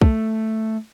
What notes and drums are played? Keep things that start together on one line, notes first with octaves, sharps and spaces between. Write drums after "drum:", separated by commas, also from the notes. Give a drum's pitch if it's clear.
A3, drum: kick